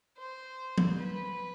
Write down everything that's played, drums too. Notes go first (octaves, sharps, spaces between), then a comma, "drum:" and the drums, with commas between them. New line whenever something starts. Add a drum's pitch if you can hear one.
C5
drum: tom
B4